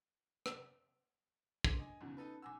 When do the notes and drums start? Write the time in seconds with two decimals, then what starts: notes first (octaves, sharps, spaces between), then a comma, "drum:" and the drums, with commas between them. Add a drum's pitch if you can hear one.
0.46 drum: rim click
1.64 D4 C6 D6 D#7, drum: kick
1.79 D#5 G#5
2.00 F#1 B1 E2 B3 C#4 F4
2.17 D#4 A4 B4
2.42 B1 F#5 G#5 D6 E6